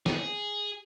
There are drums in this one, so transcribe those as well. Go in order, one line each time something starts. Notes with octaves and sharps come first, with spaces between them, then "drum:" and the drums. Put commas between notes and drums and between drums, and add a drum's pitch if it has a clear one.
G#4, drum: snare